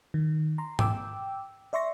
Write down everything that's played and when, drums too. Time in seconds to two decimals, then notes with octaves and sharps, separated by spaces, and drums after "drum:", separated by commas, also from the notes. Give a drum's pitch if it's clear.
0.14 D#3
0.58 A#5 C6
0.79 G5 D6 E6, drum: tom G#2
1.73 D5 E5 C6 C#6 A#6